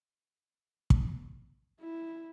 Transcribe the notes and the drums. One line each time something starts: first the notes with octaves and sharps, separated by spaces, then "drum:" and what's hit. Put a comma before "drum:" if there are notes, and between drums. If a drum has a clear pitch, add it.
drum: kick
E4